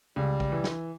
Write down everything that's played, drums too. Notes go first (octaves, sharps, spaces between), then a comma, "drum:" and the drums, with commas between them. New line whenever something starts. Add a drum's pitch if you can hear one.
C#2 G3
drum: kick
E3
drum: snare